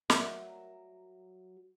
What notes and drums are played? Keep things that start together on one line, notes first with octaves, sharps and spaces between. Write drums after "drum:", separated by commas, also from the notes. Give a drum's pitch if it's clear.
F#3 A#4 E5, drum: snare